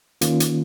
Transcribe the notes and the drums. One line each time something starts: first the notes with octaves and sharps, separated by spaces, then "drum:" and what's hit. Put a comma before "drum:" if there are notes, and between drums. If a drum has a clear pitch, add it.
D#3 A#3 C#4 F4, drum: hi-hat
drum: hi-hat